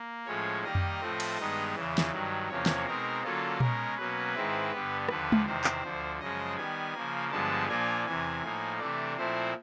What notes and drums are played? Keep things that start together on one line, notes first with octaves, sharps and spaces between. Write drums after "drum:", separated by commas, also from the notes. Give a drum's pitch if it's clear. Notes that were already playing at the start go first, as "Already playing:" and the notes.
Already playing: A#3
A2 F3 G#3 C#4 C#5
D#3 G3 A#3 D#4 D#5
drum: tom F2
A2 F3 A3 C4
drum: cymbal
G2 D#3 G#3 B3 D#4
E2 C#3 E3
drum: snare
G2 D#3 F#3
E2 C3 F3 A#3 C#4 C#5
drum: snare
B2 G#3 C4 D#4 A#4
D3 F#3 A#3 C#4 F4 A4
B2 G#3 C#4 A#4, drum: tom A#2
B2 F#3 A#3 C#4 B4
G#2 D#3 G#3 C4 E4
G2 D3 G3 B3
D#2 D3 F3 B4, drum: rim click
drum: tom G#3
E2 C3 D#3 C5
drum: clap
D2 D3 F3
F#2 C#3 F3 G#3 D#5
D#3 G3 B3 G#5
C#3 F3 A#3
G2 D3 F3 G#3 B3 A5
A#2 F3 A#3 D4 F4 G#5
E2 C3 E3 G#5
A2 F3 A#3 D#4
C3 E3 A3 D4 D5
A#2 F3 A3 C4 E4 C5